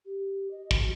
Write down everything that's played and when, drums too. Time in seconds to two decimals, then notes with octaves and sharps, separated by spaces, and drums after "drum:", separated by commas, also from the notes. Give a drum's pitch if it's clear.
0.05 G4
0.51 D#5
0.71 F#4, drum: kick